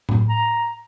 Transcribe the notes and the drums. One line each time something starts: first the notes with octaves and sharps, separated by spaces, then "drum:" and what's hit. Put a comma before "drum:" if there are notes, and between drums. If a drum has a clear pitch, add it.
drum: tom A2
A#5